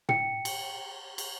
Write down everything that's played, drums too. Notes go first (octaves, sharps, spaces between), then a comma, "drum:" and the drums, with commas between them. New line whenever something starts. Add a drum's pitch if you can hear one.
G5 C#7, drum: tom
drum: cymbal
drum: cymbal